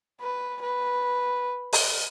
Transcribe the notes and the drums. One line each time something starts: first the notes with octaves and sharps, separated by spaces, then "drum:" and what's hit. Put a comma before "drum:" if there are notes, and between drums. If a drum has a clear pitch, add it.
B4
B4
drum: open hi-hat